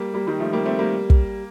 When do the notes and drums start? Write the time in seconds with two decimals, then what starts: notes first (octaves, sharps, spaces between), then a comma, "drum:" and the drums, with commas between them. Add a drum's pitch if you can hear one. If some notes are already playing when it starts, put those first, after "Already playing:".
Already playing: G3 A#3
0.14 G3 A#3
0.27 D#3 G3
0.40 F3 A3
0.53 G3 A#3
0.66 A3 C4
0.79 G3 A#3
1.10 drum: kick